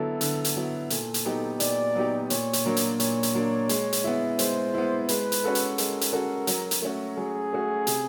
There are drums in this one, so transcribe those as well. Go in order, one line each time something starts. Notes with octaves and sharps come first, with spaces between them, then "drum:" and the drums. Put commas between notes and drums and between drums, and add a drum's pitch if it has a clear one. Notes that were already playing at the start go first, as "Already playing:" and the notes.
Already playing: D3 F#3 B3 E4 A4
D3, drum: hi-hat
drum: hi-hat
F#3 B3 E4
A#2 A4, drum: hi-hat
drum: hi-hat
F#3 B3 D#4 G4
A#2 D5, drum: hi-hat
F#3 B3 D#4 G4
A#2 C#5, drum: hi-hat
drum: hi-hat
F#3 A#3 D4
drum: hi-hat
A#2 C#5, drum: hi-hat
drum: hi-hat
F#3 A#3 D4
G#3, drum: hi-hat
drum: hi-hat
B3 E4
G#3 C5, drum: hi-hat
B3 E4
G#3 B4, drum: hi-hat
drum: hi-hat
C#4 F#4 A4
drum: hi-hat
G#3 A#4, drum: hi-hat
drum: hi-hat
C#4 F#4 A4
F#3, drum: hi-hat
drum: hi-hat
A3 C#4 F#4
F#3 G#4
A3 C#4 F#4
C3, drum: hi-hat